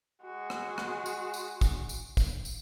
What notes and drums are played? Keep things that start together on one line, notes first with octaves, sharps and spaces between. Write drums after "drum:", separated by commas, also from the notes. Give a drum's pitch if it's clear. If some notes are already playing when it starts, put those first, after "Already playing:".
G#3 F#4
drum: rim click
drum: rim click
drum: tambourine
drum: tambourine
drum: kick, tambourine
drum: tambourine
drum: kick, tambourine
drum: tambourine